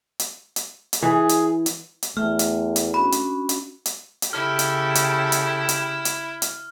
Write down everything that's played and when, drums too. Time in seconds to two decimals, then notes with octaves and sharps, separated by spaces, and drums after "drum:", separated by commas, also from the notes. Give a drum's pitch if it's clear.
0.20 drum: hi-hat
0.56 drum: hi-hat
0.93 drum: hi-hat
1.02 E3 G#4
1.29 drum: hi-hat
1.66 drum: hi-hat
2.03 drum: hi-hat
2.17 E2 A3 E5 G5 A5 F6
2.39 drum: hi-hat
2.76 drum: hi-hat
2.94 C#4 D4 F#4 B5
3.12 drum: hi-hat
3.49 drum: hi-hat
3.86 drum: hi-hat
4.22 drum: hi-hat
4.33 C#3 E4 G4 A4 F6
4.59 drum: hi-hat
4.95 drum: hi-hat
5.32 drum: hi-hat
5.69 drum: hi-hat
6.05 drum: hi-hat
6.42 drum: hi-hat